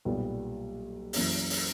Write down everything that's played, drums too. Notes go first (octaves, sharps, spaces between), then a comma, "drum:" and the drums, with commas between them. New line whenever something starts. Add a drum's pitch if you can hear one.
B1 A#2 G3 B3
F#2 E3 A#3 C#4 E4, drum: open hi-hat
drum: open hi-hat